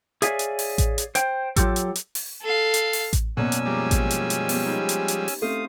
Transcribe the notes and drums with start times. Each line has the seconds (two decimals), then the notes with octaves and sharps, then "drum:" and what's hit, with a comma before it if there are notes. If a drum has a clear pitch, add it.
0.22 G#4 C#5 D5 E5 F5 G#5, drum: hi-hat
0.39 drum: hi-hat
0.59 drum: open hi-hat
0.78 drum: kick A1, hi-hat
0.98 drum: hi-hat
1.15 C5 G5, drum: hi-hat
1.56 F#3 F4 G4 A4, drum: kick A1, hi-hat
1.76 drum: hi-hat
1.95 drum: hi-hat
2.15 drum: open hi-hat
2.42 A4 F5
2.74 drum: hi-hat
2.93 drum: open hi-hat
3.13 drum: kick A1, hi-hat
3.37 F#2 B2 A#3 C#4 F#4 D5 G#5 E6
3.52 drum: hi-hat
3.66 F3 G3 G#3 A#5 D6
3.91 drum: kick A1, hi-hat
4.10 drum: hi-hat
4.30 drum: hi-hat
4.49 B3 G4, drum: open hi-hat
4.65 D#4 C5 B5
4.89 drum: hi-hat
5.08 drum: hi-hat
5.28 drum: open hi-hat
5.42 A3 C4 C#4 C5 F5 D#6